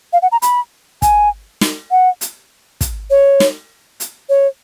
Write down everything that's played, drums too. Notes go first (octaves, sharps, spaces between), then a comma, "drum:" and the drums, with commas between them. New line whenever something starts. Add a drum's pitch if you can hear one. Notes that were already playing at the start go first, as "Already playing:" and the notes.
F5
F#5
A#5
B5, drum: hi-hat
G#5, drum: kick, hi-hat
drum: snare
F#5
drum: hi-hat
drum: kick, hi-hat
C#5
drum: snare
drum: hi-hat
C#5